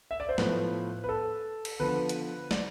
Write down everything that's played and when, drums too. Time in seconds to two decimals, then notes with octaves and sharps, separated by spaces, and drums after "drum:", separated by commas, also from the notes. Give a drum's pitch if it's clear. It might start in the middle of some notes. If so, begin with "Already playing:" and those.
0.11 E5
0.20 D5
0.29 C5
0.38 A2 F3 B3 B4, drum: snare
1.04 B4
1.09 A4
1.65 drum: cymbal
1.80 D3 F3 B3 B4
2.09 drum: hi-hat
2.51 D5, drum: snare